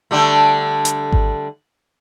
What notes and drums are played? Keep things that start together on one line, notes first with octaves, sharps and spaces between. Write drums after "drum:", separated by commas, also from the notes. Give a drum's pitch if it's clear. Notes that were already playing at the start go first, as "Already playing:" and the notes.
D3 G3 A3
drum: hi-hat
drum: kick G#1